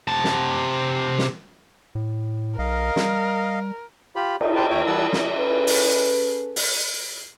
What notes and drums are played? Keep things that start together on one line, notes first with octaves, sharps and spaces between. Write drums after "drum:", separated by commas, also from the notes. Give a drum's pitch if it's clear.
C3 A5
drum: snare
drum: snare
A2
B1 A#4 D#5 F5
G3, drum: snare
F4 G4 B5
D#4, drum: cymbal
G4 B4 C5 G5 A5
D#2 C#5 E5 G5
E3 G3 E4 F#5 A5 E6
drum: snare
C#4 G#4 A4 B4
drum: open hi-hat
drum: open hi-hat